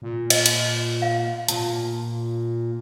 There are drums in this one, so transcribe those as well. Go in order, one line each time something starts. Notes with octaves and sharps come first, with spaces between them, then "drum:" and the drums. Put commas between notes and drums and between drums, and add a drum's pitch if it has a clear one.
A#2
D#5, drum: cymbal
drum: cymbal
F5
A#2 A5, drum: hi-hat